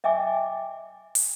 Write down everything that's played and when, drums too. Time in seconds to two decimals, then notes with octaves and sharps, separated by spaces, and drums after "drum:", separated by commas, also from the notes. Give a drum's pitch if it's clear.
0.04 D#5 E5 G5 G#5 D6
1.15 drum: open hi-hat